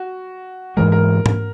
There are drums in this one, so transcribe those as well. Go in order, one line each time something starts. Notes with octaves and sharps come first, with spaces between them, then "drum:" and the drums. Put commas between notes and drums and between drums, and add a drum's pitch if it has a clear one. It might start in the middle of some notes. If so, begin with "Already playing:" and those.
Already playing: F#4
G#2 E3 G#3 A#4
A#4
drum: tom G#2